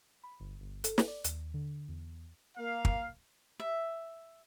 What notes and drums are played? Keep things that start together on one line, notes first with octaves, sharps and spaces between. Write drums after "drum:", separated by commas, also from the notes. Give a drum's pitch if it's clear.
B5
G1
G1
A4, drum: hi-hat
drum: snare
D5
D#2, drum: hi-hat
D3
E2
A#3 F5
drum: kick
E5